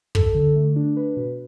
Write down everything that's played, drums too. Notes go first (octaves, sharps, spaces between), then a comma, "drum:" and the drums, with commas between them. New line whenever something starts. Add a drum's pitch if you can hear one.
A4, drum: kick
D3
A3
D4
B4
B2